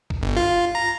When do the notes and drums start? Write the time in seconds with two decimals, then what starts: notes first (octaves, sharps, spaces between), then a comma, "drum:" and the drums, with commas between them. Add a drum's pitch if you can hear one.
0.10 drum: kick A#1
0.21 G1
0.37 F4
0.75 A#5